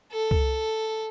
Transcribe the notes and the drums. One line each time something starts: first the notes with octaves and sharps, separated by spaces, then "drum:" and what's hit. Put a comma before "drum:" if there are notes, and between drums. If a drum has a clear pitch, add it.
A4
drum: kick C2